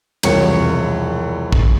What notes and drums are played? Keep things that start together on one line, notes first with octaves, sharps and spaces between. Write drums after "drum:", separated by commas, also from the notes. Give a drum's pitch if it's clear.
E1 C2 F3 C#5 C#7, drum: cymbal
drum: kick